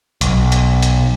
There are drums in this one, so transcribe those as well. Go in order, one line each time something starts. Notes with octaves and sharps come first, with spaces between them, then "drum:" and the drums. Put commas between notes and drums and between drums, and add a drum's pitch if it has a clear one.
B1, drum: hi-hat
drum: hi-hat
drum: hi-hat